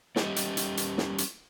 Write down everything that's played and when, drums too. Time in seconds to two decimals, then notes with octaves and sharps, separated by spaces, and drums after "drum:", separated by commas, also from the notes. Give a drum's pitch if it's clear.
0.16 G3 C#4 G4 D#5, drum: snare
0.36 drum: hi-hat
0.57 drum: hi-hat
0.77 drum: hi-hat
0.98 drum: snare
1.18 drum: hi-hat